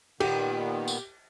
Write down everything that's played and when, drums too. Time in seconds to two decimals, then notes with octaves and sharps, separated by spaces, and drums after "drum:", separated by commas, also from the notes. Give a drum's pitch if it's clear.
0.20 A#2 D#3 B3 G4, drum: cymbal
0.88 drum: tambourine